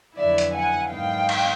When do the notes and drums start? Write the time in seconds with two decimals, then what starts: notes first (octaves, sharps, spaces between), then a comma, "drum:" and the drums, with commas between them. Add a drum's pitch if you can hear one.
0.15 F2 D3 F#3 B3 E4 D5 E5
0.38 drum: hi-hat
0.53 F#5 G#5
0.90 G#2 D#3 F#3 B3 F5 G5
1.29 drum: cymbal